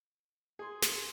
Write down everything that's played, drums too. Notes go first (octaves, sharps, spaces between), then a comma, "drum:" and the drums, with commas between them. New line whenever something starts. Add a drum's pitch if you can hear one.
G#4 G#5 C6
drum: snare